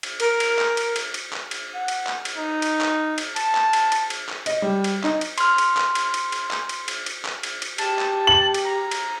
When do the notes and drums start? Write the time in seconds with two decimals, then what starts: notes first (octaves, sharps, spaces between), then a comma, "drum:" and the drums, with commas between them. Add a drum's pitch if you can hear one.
0.03 drum: cymbal
0.20 A#4, drum: cymbal
0.40 drum: cymbal
0.59 drum: clap
0.77 drum: cymbal
0.96 drum: cymbal
1.14 drum: cymbal
1.33 drum: clap
1.51 drum: cymbal
1.75 F#5
1.88 drum: cymbal
2.07 drum: clap
2.25 drum: cymbal
2.37 D#4
2.62 drum: cymbal
2.81 drum: clap
3.18 drum: cymbal
3.36 A5, drum: cymbal
3.55 drum: clap
3.73 drum: cymbal
3.92 drum: cymbal
4.10 drum: cymbal
4.29 drum: clap
4.46 D#5, drum: cymbal
4.62 G3
4.84 drum: cymbal
5.04 D#4, drum: clap
5.21 drum: cymbal
5.38 C6 F6, drum: cymbal
5.58 drum: cymbal
5.77 drum: clap
5.95 drum: cymbal
6.14 drum: cymbal
6.32 drum: cymbal
6.51 drum: clap
6.69 drum: cymbal
6.88 drum: cymbal
7.06 drum: cymbal
7.25 drum: clap
7.43 drum: cymbal
7.62 drum: cymbal
7.78 G4 A5, drum: cymbal
7.99 drum: clap
8.27 F#7
8.54 drum: cymbal
8.65 A#5
8.91 drum: cymbal